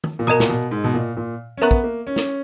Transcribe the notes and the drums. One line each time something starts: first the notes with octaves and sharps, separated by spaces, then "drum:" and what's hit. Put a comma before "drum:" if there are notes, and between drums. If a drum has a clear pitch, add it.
drum: tom
A#2
B2 A#4 D#5 A#5 D#6
A#2, drum: snare
B2
G#2
B2
A#2
A#2
C#4
B3 A#4 E5 A#5 C#6 F#6
drum: kick
A#3
C#4
drum: snare